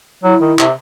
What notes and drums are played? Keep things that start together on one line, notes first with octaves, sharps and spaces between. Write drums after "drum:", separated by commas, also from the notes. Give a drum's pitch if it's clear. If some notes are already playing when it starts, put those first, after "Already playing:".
F#3 E4
D#3
C3, drum: clap